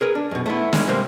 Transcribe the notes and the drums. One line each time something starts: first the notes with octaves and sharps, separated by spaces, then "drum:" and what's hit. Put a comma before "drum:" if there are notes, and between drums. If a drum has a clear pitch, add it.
G#4 A#4 B4
D4
F#2 B2
A3 B3 E4
C#3 G3 G#3 A#3 C#4, drum: snare
G2 C3 G3 A#3 C5